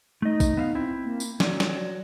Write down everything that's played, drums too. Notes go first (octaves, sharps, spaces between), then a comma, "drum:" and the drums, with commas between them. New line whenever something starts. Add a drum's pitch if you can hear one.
A3 D#4 D#5
drum: kick, tambourine
B3 E5 F5
C4 E4
A#3
drum: tambourine
F#3 D5, drum: snare
drum: snare